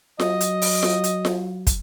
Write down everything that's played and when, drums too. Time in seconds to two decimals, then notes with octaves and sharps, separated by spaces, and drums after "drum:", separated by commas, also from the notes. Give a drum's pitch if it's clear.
0.20 F#3 D#5, drum: snare F4
0.41 drum: hi-hat
0.62 drum: open hi-hat
0.83 drum: snare F4
1.04 drum: hi-hat
1.25 drum: snare F4
1.67 drum: kick, hi-hat